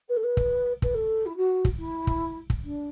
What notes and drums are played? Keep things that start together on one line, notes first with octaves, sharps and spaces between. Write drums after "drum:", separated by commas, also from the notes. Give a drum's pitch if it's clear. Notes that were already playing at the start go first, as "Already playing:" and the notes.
B4
A4
B4
drum: kick
B4, drum: kick
A4
E4
F#4
drum: kick
E4
drum: kick
drum: kick
D4